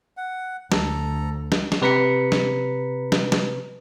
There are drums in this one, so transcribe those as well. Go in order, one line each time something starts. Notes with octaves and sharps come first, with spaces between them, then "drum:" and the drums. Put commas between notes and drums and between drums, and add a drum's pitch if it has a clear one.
F#5
D2 A4 A#5, drum: snare
drum: snare
drum: snare
C3 B4 A#5 B6 C#7
drum: snare
drum: snare
drum: snare